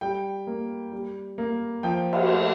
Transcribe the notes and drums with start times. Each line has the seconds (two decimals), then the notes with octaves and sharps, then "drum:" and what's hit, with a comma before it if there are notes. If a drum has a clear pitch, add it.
0.01 G3 G5
0.47 A#3
0.92 G3
1.38 A#3
1.83 F3 G5
2.13 drum: cymbal
2.30 A3